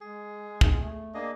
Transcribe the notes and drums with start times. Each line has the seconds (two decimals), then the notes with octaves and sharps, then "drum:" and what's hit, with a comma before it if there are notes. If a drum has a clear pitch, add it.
0.01 G#3 G#4
0.61 drum: kick
0.80 A3
1.14 A#3 D4 G#4 D#5